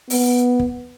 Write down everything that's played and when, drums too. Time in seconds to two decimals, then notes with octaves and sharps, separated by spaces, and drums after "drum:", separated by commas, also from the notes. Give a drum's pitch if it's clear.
0.10 B3, drum: open hi-hat
0.59 drum: kick